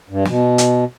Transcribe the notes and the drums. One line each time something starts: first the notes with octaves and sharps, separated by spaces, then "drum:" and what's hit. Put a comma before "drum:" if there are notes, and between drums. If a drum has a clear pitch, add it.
G2
B2, drum: snare
drum: hi-hat